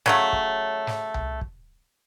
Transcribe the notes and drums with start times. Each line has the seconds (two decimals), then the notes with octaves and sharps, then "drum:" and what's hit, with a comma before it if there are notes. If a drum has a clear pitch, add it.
0.06 C#3 F#3 A3, drum: snare
0.33 drum: kick
0.87 drum: snare
1.14 drum: tom C2
1.41 drum: kick